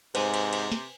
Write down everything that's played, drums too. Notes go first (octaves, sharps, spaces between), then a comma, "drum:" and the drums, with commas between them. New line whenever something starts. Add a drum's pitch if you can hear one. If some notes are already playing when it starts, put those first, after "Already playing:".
G#2 C3 B4 C5 G#5, drum: cymbal
drum: cymbal
drum: cymbal
drum: snare